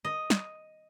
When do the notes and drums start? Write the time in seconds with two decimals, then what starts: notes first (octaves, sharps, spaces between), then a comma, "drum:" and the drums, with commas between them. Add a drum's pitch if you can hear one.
0.05 D#5
0.30 drum: snare